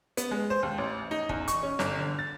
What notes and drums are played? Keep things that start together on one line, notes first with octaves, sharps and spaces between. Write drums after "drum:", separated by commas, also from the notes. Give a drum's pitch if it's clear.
B3, drum: hi-hat
G#3
C5
D#2
A1
D#4
E2, drum: kick
C#6, drum: hi-hat
C#4
G1, drum: snare
D3
A6